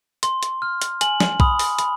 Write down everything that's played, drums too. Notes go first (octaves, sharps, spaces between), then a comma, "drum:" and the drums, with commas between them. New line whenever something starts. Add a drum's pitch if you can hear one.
C6, drum: hi-hat
drum: hi-hat
F6
drum: hi-hat
G#5 F#7, drum: hi-hat
drum: snare
B5 D#6, drum: kick B1
drum: open hi-hat
B5, drum: hi-hat